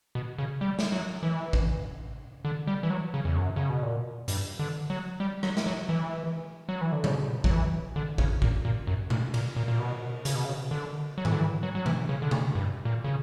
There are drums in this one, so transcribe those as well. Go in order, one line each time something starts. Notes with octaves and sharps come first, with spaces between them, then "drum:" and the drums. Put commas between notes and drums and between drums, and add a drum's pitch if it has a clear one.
B2
C#3
G3
drum: snare
F#3
E3
drum: kick A1
D3
G3
E3
F#3
C#3
E2
F#2
C#3
B2
A#2
G2, drum: hi-hat
D3
F#3
G3
F#3, drum: rim click
drum: snare
F#3
E3
F#3
E3
D3
C#3, drum: tom A#2
F#3, drum: kick A1
E3
D3
C#3, drum: kick A1
A#2, drum: kick A1
A#2
F#2
A#2, drum: tom B2
A#2, drum: cymbal
A#2
A#2
B2
C#3, drum: hi-hat
B2
C#3
D3
F#3
E3, drum: tom G#2
D3
E3
F#3
F#3
E3, drum: tom B2
C#3
D3
C#3, drum: tom B2
G2
A#2
C#3